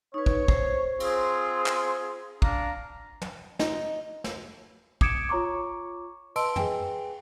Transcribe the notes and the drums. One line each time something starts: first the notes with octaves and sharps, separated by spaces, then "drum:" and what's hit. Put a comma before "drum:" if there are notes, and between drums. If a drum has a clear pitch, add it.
D#4 B4 C#5
drum: kick
C5, drum: kick
C4 F4 G#4, drum: cymbal
drum: clap
D4 F5 A#5, drum: kick
drum: tom
D#4, drum: snare
drum: snare
D6 D#6 G#6 C#7 D7 E7, drum: kick
F4 C#5 A#5 C#6 D6
B4 D#5 A5 C6 E6 D7, drum: cymbal
G#4 B4 G5 G#5, drum: tom